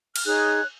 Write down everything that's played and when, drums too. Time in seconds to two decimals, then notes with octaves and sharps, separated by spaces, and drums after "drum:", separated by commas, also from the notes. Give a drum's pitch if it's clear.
0.16 F6, drum: cymbal
0.24 D#4 G#4 C#5 F#6